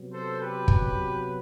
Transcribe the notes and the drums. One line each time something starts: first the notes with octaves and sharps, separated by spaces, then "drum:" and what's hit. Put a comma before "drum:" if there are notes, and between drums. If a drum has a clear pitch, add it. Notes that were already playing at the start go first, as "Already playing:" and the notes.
Already playing: C3 F#3 B3
A4 C5
G4 B4
drum: kick